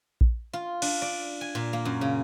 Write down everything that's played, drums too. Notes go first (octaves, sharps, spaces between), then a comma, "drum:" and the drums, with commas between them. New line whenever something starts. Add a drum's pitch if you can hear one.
drum: kick A#1
F4
D4, drum: cymbal
D5
G#5
A#2
A#3
F#2
C#3